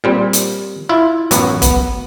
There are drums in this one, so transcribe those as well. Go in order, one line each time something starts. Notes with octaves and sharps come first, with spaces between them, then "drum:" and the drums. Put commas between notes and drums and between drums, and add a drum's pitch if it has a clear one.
A#2 G3 C4
drum: hi-hat
E4 F4
A1 F#2 F#3 B3 F#4, drum: hi-hat
B3, drum: kick, hi-hat